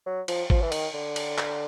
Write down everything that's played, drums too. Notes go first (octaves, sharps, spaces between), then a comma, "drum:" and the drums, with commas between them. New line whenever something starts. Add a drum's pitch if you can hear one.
F#3
F3, drum: cymbal
F3, drum: kick G#1
E3
D#3, drum: cymbal
D3
drum: cymbal
drum: clap